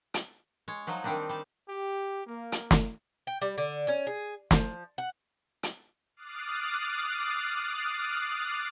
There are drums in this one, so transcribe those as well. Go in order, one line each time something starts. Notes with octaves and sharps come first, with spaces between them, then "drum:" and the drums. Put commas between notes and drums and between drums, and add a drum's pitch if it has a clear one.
drum: hi-hat
G#3 C#5
F3 F#3 D#4
D#3 G3 C4 D4 D#4
G3 A5
G4
A#3
drum: hi-hat
drum: snare
G5
G3
D3
C#4
G#4
F3, drum: snare
F#5
drum: hi-hat
D6 D#6 F6 F#6 A6 C7